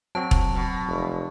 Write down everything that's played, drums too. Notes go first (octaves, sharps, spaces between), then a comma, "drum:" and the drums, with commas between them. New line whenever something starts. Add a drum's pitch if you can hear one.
F#3 C4 F#4 A5
drum: kick E1
B2
F1